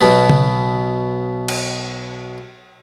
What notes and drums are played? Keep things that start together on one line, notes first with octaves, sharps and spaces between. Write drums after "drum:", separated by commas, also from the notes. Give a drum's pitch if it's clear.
B1 B2 B3
drum: tom C#3
drum: cymbal